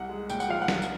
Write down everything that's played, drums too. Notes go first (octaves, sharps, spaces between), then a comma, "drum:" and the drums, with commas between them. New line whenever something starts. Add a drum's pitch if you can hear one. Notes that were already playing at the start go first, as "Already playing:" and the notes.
Already playing: C2 F#5
G#3
A#2 G5, drum: tambourine
F#5, drum: tambourine
F3 F5
F#5
C2, drum: snare
drum: tambourine